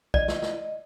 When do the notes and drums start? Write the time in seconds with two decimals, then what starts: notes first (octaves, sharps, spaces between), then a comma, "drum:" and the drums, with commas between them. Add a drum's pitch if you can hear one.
0.14 D5 D#5, drum: kick A#1
0.28 drum: snare
0.42 drum: snare